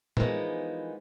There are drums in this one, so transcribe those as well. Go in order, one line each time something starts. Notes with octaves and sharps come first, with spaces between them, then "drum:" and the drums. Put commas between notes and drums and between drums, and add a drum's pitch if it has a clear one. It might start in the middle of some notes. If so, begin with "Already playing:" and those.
E3 F3 G#3 A#3 B3 D#4, drum: tom